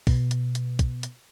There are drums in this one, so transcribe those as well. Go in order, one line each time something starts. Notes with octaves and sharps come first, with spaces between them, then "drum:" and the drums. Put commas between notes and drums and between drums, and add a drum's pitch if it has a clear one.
B2, drum: kick, open hi-hat
drum: hi-hat
drum: hi-hat
drum: kick, hi-hat
drum: hi-hat